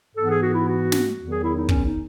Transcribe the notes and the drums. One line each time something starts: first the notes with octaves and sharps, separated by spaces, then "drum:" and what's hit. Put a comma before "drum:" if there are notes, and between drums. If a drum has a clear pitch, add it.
G#2 E3 B3 A4
G#4
F#4
E4
F#4
drum: snare
E2 D#3 F#3
G#4
E4
D#4
C#4, drum: kick
D#4